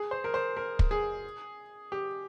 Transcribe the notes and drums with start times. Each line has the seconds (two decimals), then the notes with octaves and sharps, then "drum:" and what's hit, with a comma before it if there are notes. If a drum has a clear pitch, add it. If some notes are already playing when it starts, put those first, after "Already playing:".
Already playing: G#4
0.11 C5
0.24 A#4
0.34 C5
0.57 A#4
0.79 drum: kick
0.91 G#4
1.92 G4